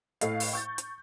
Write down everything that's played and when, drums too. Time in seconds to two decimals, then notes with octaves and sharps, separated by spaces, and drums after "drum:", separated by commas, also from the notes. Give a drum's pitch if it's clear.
0.21 A2 A4 D#5 F5, drum: hi-hat
0.40 drum: open hi-hat
0.53 C#6 G6 A6
0.78 drum: hi-hat